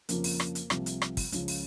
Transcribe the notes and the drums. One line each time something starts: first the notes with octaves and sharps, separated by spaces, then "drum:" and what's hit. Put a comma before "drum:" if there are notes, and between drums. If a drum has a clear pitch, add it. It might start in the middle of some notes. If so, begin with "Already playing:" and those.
F2 C#3 F3 A#3, drum: hi-hat
drum: open hi-hat
drum: rim click
drum: hi-hat
C2 C3 F3, drum: rim click
drum: hi-hat
drum: rim click
drum: kick, open hi-hat
C#2 C#3 F3, drum: hi-hat
drum: open hi-hat